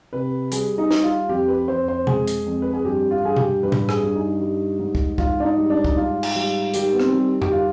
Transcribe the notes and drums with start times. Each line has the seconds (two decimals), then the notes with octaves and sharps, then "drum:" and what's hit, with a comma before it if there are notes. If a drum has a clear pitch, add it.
0.13 C3 B4
0.52 G3 G#4, drum: hi-hat
0.78 D#4
0.91 G3, drum: snare
1.03 F4
1.29 F2 G4
1.48 B4
1.68 F2 C5
1.88 C5
2.07 G#3 G#4, drum: tom B2
2.27 drum: hi-hat
2.46 F2
2.62 B4
2.74 G#4
2.85 G2 G4
3.11 F4
3.23 G2 G#4
3.36 G4, drum: tom B2
3.63 G2 B4
3.72 drum: tom A2
3.89 G#4, drum: rim click
4.02 G2
4.15 D#4
4.41 G3
4.79 G#2
4.95 drum: kick
5.18 G#2 F4, drum: kick
5.40 D4
5.44 D#4
5.57 G3
5.70 D4
5.85 D#4, drum: kick
5.96 G#2 F4
6.23 drum: cymbal
6.35 G3
6.74 D#3 G4, drum: hi-hat
6.93 B3
7.00 C4, drum: rim click
7.13 G3
7.42 G4, drum: tom F2
7.52 F4